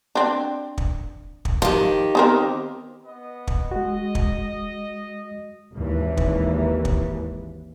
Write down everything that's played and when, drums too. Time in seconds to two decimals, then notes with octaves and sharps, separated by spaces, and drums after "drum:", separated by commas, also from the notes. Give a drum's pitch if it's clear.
0.15 C4 D4
0.78 drum: kick
1.45 drum: kick
1.62 D#3 F3 G4
2.15 B3 C4 A#4
3.05 B3 D#5
3.47 drum: kick
3.72 G#3 F#4 D#5
4.15 drum: kick
5.73 G#1 D#2 E3
6.17 drum: kick
6.85 drum: kick